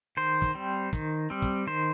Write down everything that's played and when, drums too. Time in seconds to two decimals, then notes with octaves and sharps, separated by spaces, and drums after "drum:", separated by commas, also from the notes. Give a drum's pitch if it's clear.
0.17 D#3 C5
0.42 drum: kick, hi-hat
0.54 G3 C4
0.93 D#3, drum: kick, hi-hat
1.30 G3 C4
1.42 drum: kick, hi-hat
1.67 D#3 C5